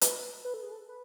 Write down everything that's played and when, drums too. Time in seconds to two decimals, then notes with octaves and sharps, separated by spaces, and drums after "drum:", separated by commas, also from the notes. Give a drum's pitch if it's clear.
0.01 B4, drum: hi-hat
0.45 B4
0.54 A4
0.63 G#4
0.72 A4
0.89 B4